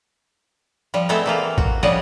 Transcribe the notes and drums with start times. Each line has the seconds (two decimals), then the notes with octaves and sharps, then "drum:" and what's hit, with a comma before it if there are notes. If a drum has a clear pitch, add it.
0.94 F3 G3
1.09 G#3 A3 B3 C4 E4 A4
1.26 E3 A#3 F4
1.58 F#4, drum: kick A#1
1.83 C#3 F3 G3 D5 D#5 F#5